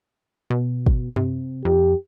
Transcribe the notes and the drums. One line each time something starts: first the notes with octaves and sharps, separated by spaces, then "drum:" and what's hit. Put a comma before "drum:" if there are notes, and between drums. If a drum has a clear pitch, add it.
B2
drum: kick
C3, drum: tom F#2
F2 G4